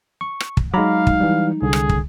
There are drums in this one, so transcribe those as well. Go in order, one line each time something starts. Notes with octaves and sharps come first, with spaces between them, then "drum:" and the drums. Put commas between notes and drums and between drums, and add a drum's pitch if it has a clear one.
C#6
drum: rim click
drum: kick
F#3 G#3 D#4 F5 A#5 B5 D6
drum: kick
E3 G3
C2 D3 G#4
drum: rim click
drum: kick